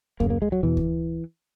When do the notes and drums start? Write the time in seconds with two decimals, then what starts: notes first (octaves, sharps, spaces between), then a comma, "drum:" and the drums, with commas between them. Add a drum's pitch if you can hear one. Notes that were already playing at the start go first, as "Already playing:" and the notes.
0.20 F#2 C#3 A#3, drum: kick D2
0.30 A#3
0.42 G#3
0.52 F#3
0.63 E2 B2 E3
0.77 drum: kick D2